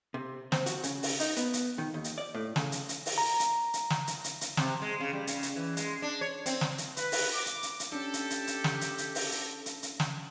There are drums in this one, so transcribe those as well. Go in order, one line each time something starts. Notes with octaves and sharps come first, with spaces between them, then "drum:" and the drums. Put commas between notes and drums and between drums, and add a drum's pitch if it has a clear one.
C3
C4, drum: snare
F#4, drum: hi-hat
C#3, drum: hi-hat
drum: open hi-hat
D#4, drum: hi-hat
B3, drum: hi-hat
drum: hi-hat
D#3
D#2
drum: hi-hat
D5
A2
C#3, drum: snare
drum: hi-hat
drum: hi-hat
drum: open hi-hat
A#5
drum: hi-hat
drum: hi-hat
drum: snare
drum: hi-hat
drum: hi-hat
drum: hi-hat
C3, drum: snare
G#3
C#3
G3
C#3, drum: hi-hat
drum: hi-hat
E3
G#3, drum: hi-hat
D4
C#5
C4, drum: hi-hat
drum: snare
drum: hi-hat
B4, drum: hi-hat
drum: open hi-hat
D6
drum: hi-hat
drum: hi-hat
drum: hi-hat
C#4 D4 G4 A4
drum: hi-hat
drum: hi-hat
drum: hi-hat
drum: snare
drum: hi-hat
drum: hi-hat
drum: open hi-hat
drum: hi-hat
drum: hi-hat
drum: hi-hat
drum: snare